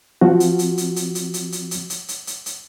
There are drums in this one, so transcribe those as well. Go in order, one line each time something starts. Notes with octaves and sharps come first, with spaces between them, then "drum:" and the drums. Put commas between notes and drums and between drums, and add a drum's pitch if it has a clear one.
F3 C4 F#4
drum: hi-hat
drum: hi-hat
drum: hi-hat
drum: hi-hat
drum: hi-hat
drum: hi-hat
drum: hi-hat
drum: hi-hat
drum: hi-hat
drum: hi-hat
drum: hi-hat
drum: hi-hat